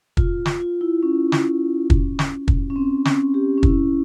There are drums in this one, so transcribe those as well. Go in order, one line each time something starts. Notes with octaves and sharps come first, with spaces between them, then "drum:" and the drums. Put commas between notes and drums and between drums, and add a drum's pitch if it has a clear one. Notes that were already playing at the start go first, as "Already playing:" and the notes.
F4, drum: kick
drum: snare
F4
E4
C#4
drum: snare
drum: kick
drum: snare
drum: kick
C#4
C4
C#4, drum: snare
G4
C#4
E4, drum: kick